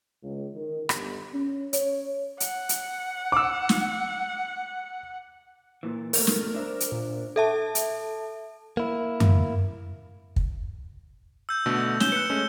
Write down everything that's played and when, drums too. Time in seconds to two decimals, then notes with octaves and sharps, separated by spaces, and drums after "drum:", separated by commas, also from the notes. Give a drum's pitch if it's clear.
0.23 C#2
0.54 D#3
0.89 G1, drum: rim click
1.34 C#4
1.73 C#5, drum: hi-hat
2.40 F#5, drum: hi-hat
2.69 drum: hi-hat
3.32 D6 E6
3.69 drum: snare
5.83 A#2 E3
6.13 G#2 B2 A3 A#4, drum: open hi-hat
6.27 drum: snare
6.54 D4 C5 E5
6.80 drum: hi-hat
6.92 A#2
7.36 A4 E5 A5
7.75 drum: hi-hat
8.77 A#3 E4
9.20 drum: tom F#2
10.36 drum: kick
11.49 E6 G6
11.66 B2 D3 A3
12.00 C#4 G6 E7 G7, drum: snare
12.12 B4 F#6 C#7
12.30 G#3 A3 C#4